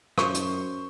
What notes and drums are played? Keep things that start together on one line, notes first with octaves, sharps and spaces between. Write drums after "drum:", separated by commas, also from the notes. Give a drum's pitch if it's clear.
F#2 C5 C#6, drum: rim click
drum: hi-hat